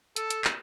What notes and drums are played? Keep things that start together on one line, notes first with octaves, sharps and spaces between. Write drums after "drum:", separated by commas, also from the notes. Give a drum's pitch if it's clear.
A4, drum: hi-hat
drum: hi-hat
drum: clap